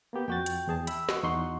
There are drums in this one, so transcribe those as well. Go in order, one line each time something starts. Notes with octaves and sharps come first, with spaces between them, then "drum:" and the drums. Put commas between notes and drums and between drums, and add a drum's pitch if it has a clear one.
A#3 B3 G4
F2 F#4 G5 A6
drum: hi-hat
E2 G#4 A5
E5 B5, drum: hi-hat
F#4 D#5, drum: snare
E2 D#4 F#5 C6 C#6